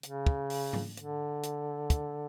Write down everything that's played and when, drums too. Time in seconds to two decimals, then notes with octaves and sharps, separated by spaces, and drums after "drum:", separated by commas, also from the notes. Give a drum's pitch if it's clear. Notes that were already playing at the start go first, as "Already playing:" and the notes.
0.03 C#3, drum: hi-hat
0.26 drum: kick
0.50 drum: open hi-hat
0.73 drum: tom G#2
0.97 D3, drum: hi-hat
1.43 drum: hi-hat
1.90 drum: kick, hi-hat